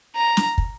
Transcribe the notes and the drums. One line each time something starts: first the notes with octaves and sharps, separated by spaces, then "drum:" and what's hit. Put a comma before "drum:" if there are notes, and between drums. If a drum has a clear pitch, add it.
A#5
drum: snare
drum: kick